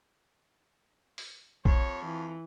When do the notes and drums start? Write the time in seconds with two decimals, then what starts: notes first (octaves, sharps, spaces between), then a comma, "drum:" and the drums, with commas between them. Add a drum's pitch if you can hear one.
1.18 drum: open hi-hat
1.65 F2 C#5, drum: kick A#1
2.06 E3